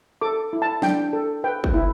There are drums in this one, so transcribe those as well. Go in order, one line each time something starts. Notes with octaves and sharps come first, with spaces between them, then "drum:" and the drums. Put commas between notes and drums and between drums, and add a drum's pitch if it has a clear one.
A4 D6
E4
A5
D4 G5, drum: snare
A4
B4 G5
drum: kick
E4